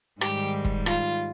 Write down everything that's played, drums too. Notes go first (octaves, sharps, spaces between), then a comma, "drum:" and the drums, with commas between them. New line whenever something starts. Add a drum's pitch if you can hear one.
G#2 D#3 G3 G4, drum: rim click
drum: kick
F4, drum: rim click